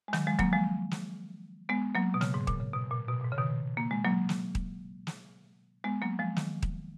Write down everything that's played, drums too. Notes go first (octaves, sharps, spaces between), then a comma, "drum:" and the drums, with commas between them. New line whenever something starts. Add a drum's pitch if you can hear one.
G#3
D#3 F#3, drum: snare
F3 G#3
F#3 A#3, drum: kick D#1
F3 G#3
drum: snare
G#3 B3
F#3 A#3
B2
C#3, drum: snare
G#2
A#2, drum: kick D#1
C#3
B2
A#2
B2
A#2
G#2
C#3
B2 D#3
A#3
G#3
F#3 A#3
drum: snare
drum: kick D#1
drum: snare
G#3 B3
F#3 A#3
F3 G#3
D#3 F#3, drum: snare
drum: kick D#1